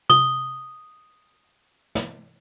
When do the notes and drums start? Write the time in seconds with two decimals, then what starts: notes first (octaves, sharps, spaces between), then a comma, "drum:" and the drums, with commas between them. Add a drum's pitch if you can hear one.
0.10 D#6 G7, drum: tom
1.95 drum: snare